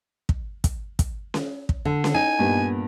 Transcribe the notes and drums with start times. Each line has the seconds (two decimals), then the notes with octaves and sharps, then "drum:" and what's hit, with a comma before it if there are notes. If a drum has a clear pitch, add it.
0.29 drum: kick
0.64 drum: kick, hi-hat
0.99 drum: kick, hi-hat
1.34 drum: snare C#4
1.69 drum: kick
1.85 D3
2.04 drum: snare C#4
2.14 D#4 G#5
2.39 G2 A#2 B3